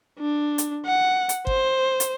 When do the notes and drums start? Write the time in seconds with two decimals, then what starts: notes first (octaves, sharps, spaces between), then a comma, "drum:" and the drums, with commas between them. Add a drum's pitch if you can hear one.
0.19 D4
0.58 drum: hi-hat
0.86 F#5
1.29 drum: hi-hat
1.47 C5, drum: kick G1
2.00 drum: hi-hat